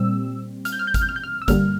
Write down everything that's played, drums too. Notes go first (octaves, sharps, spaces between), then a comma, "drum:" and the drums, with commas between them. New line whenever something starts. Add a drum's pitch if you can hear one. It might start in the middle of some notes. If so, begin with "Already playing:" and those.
Already playing: A#2 G3 C4 E6
F6, drum: hi-hat
G6
F6
G6
F6, drum: kick G#1, hi-hat
G6
F6
G6
F6
E6
G2 D3 G3 A#3 F6, drum: kick G#1, hi-hat